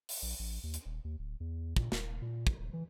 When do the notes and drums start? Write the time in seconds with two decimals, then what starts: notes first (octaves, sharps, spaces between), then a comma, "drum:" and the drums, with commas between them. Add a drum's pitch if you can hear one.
0.09 drum: open hi-hat
0.22 A#1
0.39 A1
0.63 D#2
0.74 drum: hi-hat
0.86 D#1
1.05 D#2
1.19 D1
1.40 E2
1.76 A#2, drum: kick
1.92 D#1, drum: snare
2.22 A#2
2.47 drum: kick
2.60 D#1
2.73 E3